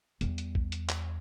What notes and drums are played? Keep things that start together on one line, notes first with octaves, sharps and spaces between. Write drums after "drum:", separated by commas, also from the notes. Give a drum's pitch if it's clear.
E2 G3, drum: hi-hat
drum: hi-hat
drum: kick
drum: hi-hat
drum: clap